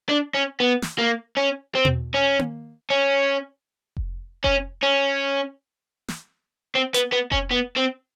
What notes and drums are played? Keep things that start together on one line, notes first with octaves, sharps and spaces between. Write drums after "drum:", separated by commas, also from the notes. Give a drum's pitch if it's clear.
D4
C#4
B3
drum: snare
A#3
C#4
C4
drum: tom
C#4
drum: tom A#3
C#4
drum: kick F1
C#4, drum: kick F1
C#4
drum: snare
C4
B3, drum: hi-hat
B3
C#4, drum: kick F1
B3
C4